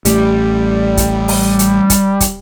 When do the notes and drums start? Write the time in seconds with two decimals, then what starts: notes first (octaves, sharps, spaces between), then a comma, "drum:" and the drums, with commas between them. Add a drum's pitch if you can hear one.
0.05 A1 G3 A3, drum: hi-hat
0.97 drum: kick, hi-hat
1.28 drum: open hi-hat
1.59 drum: hi-hat
1.90 drum: kick, hi-hat
2.20 drum: kick, hi-hat